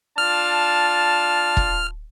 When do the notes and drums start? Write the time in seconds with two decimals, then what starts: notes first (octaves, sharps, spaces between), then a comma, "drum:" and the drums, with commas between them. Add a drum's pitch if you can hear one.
0.18 D4 F4 A5 F6
1.57 drum: kick E1